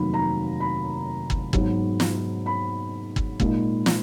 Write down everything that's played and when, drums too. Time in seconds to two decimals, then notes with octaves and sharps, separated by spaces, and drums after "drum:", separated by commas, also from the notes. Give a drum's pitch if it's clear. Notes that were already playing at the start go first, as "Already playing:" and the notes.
Already playing: F1 D#2 D#3 F#3 B5
0.14 A#5
0.60 B5
1.30 drum: kick G1
1.53 G#2 F#3 B3 D#4, drum: kick G1
2.00 drum: snare
2.46 B5
3.16 drum: kick G1
3.40 A#2 G#3 D#4, drum: kick G1
3.86 drum: snare